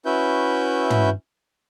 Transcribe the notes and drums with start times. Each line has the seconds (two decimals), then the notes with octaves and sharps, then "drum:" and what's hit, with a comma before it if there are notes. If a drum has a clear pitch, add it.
0.05 C#4 E4 F#4 B4 E5 G6
0.90 drum: tom